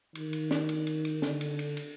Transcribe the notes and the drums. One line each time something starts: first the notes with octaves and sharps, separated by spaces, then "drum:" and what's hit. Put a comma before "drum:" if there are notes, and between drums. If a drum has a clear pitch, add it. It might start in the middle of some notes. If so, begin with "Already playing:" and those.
D#3, drum: cymbal
drum: cymbal
drum: snare
drum: cymbal
drum: cymbal
drum: cymbal
D3, drum: snare
drum: cymbal
drum: cymbal
drum: cymbal